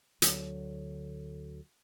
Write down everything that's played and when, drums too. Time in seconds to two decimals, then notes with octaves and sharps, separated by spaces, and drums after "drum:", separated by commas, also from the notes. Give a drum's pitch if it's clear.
0.22 D2 D3 F#3, drum: hi-hat